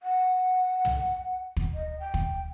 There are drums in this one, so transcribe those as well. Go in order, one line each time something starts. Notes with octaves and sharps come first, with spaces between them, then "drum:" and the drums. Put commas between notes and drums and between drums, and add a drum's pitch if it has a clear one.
F#5
drum: tom
drum: kick
D#5
G5
drum: kick